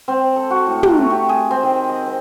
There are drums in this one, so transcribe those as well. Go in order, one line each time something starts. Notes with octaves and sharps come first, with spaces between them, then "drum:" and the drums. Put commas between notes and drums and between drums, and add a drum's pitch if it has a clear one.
C4
A4
F#4
A2
A#5, drum: tom
A3
G4
G#4
C4
D#3
D#5
C4